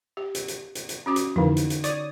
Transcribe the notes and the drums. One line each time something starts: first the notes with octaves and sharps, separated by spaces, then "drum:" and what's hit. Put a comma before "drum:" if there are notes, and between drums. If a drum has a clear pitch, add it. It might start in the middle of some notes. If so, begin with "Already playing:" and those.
G4
drum: hi-hat
drum: hi-hat
drum: hi-hat
drum: hi-hat
C#4 F#4 D6
drum: hi-hat
F2 D3 E3 A#3 D#4
drum: hi-hat
drum: hi-hat
C#5 D5 D#6, drum: hi-hat